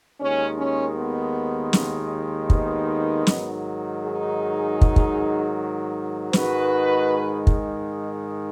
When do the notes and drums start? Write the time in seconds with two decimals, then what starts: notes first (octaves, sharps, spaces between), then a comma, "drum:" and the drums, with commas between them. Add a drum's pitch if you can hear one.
0.20 D#2 D#3 G#3 C#4
0.58 C#4
0.96 B3
1.73 drum: snare
2.50 B3 D#4, drum: kick
3.27 G#2 D#3 F#3, drum: snare
4.03 D#4 G#4
4.81 drum: kick
4.96 drum: kick
6.33 G#2 D#3 G#3 F#4 B4, drum: snare
7.47 drum: kick